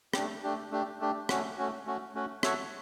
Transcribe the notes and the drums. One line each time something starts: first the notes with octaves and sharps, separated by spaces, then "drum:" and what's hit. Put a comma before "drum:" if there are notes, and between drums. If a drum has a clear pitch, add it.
A3 D4 G4, drum: rim click
A3 D4 G4
A3 D4 G4
A3 D4 G4
A3 C#4 F#4, drum: rim click
A3 C#4 F#4
A3 C#4 F#4
A3 C#4 F#4
F#4 A4 C#5 E5, drum: rim click